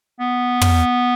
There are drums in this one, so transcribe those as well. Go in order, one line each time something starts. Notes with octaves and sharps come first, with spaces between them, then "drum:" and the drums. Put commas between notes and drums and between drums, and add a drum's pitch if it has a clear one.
B3
drum: tom